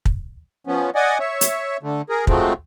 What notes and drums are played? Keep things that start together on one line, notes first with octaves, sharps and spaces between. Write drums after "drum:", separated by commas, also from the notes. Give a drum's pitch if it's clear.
drum: kick
F3 B3 C#4
D5 D#5 F#5 G#5
C#5 E5
drum: hi-hat
D3 A3
G#4 A#4
F3 F#3 G#3 A3 C4, drum: kick